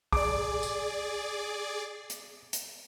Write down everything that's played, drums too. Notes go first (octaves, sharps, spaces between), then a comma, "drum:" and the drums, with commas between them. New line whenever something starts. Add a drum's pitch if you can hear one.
G#4 D5 D6, drum: kick
drum: tambourine
drum: hi-hat
drum: hi-hat